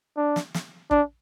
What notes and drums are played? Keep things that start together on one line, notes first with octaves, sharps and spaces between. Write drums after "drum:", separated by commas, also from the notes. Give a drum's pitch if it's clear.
D4
drum: snare
drum: snare
D4, drum: kick